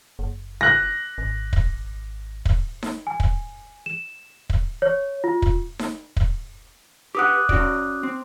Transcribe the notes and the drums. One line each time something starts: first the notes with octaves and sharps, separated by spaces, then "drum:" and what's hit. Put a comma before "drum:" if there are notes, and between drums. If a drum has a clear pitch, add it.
F#1
F#6 A#6
G#1
drum: kick
drum: kick
drum: snare D#4
G#5
drum: kick
E7
drum: kick
C#5
F4
drum: kick
drum: snare D#4
drum: kick
G4 B4 F#5 D6 D#6 F#6
C#4 F#4 D5, drum: kick
C4